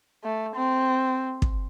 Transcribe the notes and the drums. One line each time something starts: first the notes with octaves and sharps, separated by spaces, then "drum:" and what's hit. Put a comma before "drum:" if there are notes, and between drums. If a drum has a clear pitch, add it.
A3
C4
drum: kick